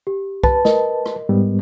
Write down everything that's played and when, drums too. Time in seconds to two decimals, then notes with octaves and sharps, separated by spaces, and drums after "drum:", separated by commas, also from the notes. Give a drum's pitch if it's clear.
0.07 G4
0.44 B4 A5, drum: kick B1
0.65 A#4 D#5, drum: snare A3
1.06 drum: rim click
1.29 G#2 G3 B3